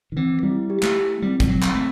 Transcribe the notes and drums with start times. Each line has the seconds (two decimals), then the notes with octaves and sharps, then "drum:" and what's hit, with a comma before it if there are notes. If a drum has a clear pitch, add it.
0.12 D#3
0.17 E3 C4
0.43 G3 E4
0.70 G4
0.83 A3, drum: clap
0.95 E4
1.22 G3 C4
1.40 G3, drum: kick, hi-hat
1.49 F#3 C4
1.62 drum: clap
1.75 A3 C4